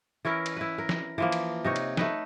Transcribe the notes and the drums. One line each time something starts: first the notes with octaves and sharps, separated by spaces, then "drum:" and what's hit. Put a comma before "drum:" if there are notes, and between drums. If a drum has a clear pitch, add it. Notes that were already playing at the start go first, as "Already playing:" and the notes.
E3 C#4 E4 A#4
drum: cymbal
E4 B4
A#4
drum: snare
E3 F3 A#3
drum: cymbal
C3 D#4 C#5
drum: cymbal
A3 D#4 B4, drum: snare